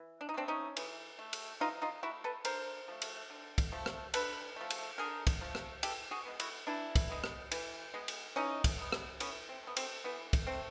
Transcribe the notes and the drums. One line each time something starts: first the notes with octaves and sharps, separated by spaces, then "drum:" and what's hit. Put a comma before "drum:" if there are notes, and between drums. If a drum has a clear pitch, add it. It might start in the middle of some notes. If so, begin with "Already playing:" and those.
Already playing: E3
D4
D#4
A3 C4 D4
C#4 D#4
E3, drum: cymbal
A3
drum: cymbal
E3 D#4 F4
D#4 F4
A3 E4 F#4
A4 B4
D3 A#4 C5, drum: cymbal
F3 A3
drum: cymbal
D3
drum: kick, cymbal
F3 A3
drum: rim click
D3 A4 B4, drum: cymbal
F3 A3
drum: cymbal
D3 G#4 A#4
drum: kick, cymbal
F3 A3
drum: rim click
E3 G4 A4, drum: cymbal
F#4 G#4
G#3 B3
E4 F#4, drum: cymbal
E3 D4 E4
drum: kick, cymbal
G#3 B3
drum: rim click
E3, drum: cymbal
G#3 B3
drum: cymbal
E3 C#4 D#4
drum: kick, cymbal
G#3 B3
drum: rim click
E3 B3 C#4, drum: cymbal
C4
A3 B3
C4, drum: cymbal
E3 B3
drum: kick, cymbal
A3 C4